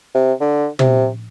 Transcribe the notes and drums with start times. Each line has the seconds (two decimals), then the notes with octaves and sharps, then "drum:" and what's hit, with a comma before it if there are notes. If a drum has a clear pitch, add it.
0.15 C3
0.40 D3
0.79 C3, drum: tom